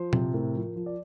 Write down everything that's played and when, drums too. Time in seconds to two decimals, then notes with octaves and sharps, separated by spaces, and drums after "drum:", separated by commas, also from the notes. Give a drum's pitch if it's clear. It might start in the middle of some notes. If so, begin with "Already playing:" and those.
Already playing: F3 C5
0.13 C3, drum: tom A#2
0.34 A2 A#4
0.55 F3
0.76 F3
0.86 D5